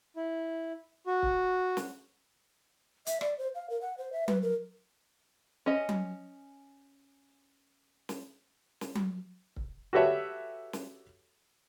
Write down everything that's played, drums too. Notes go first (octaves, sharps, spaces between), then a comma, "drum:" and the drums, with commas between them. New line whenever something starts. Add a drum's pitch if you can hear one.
E4
F#4
drum: kick C#1
drum: snare
E5, drum: hi-hat
D5, drum: rim click
C5
F5
A#4
F#5
C5
E5
B4, drum: tom F#3
A#4
C#4 D#5
drum: tom F#3
drum: snare
drum: snare
drum: tom F#3
drum: kick C#1
F#4 G4 A4 B4 C#5 E5
drum: snare